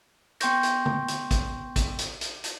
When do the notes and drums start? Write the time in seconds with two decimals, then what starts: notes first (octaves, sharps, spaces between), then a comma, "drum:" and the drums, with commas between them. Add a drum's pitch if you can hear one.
0.40 B3 G5 C6 C#6 G6 A#6, drum: hi-hat
0.63 drum: hi-hat
0.86 drum: tom
1.08 drum: hi-hat
1.31 drum: kick, hi-hat
1.76 drum: kick, hi-hat
1.98 drum: hi-hat
2.21 drum: hi-hat
2.44 drum: hi-hat